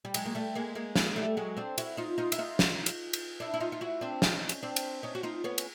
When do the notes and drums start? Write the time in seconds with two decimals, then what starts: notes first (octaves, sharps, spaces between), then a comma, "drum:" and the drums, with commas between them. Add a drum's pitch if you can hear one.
0.05 G3
0.14 F#3 G#3, drum: cymbal
0.26 A#3
0.35 G3 A3
0.55 G#3 A#3
0.75 G#3 A#3
0.96 G#3 A#3, drum: snare
1.16 G3 A3
1.37 F#3 G#3
1.57 C4 D4
1.78 E4 F#4, drum: cymbal
1.97 D#4 F4
2.18 D#4 F4
2.32 E4, drum: cymbal
2.39 D#4 F4
2.59 drum: snare
2.86 drum: cymbal
3.13 drum: cymbal
3.40 D4 E4
3.54 E4
3.60 D#4 F4
3.72 F4
3.81 E4 F#4
4.01 C4 D4
4.22 C#4 D#4, drum: snare
4.49 drum: cymbal
4.63 C4 D4
4.76 drum: cymbal
5.03 C#4 D#4
5.15 F#4
5.23 D#4 F4
5.44 B3 C#4
5.58 drum: cymbal